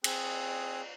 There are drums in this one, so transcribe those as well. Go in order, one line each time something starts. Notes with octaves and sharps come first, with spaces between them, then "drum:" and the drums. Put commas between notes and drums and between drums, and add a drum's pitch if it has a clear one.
C4 G#4 D#6 F#6, drum: cymbal